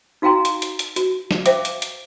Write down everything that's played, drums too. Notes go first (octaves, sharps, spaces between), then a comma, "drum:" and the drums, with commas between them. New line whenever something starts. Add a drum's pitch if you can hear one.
D#4 F#4 F5 G5 A#5 C6
drum: hi-hat
drum: hi-hat
drum: hi-hat
F#4, drum: hi-hat
drum: snare
C5 E5 F5 G5 D6, drum: hi-hat
drum: hi-hat
drum: hi-hat